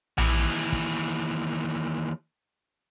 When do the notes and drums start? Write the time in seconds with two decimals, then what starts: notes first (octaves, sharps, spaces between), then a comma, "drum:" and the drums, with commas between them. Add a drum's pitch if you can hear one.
0.18 D#2 E3, drum: tom A#1
0.72 drum: kick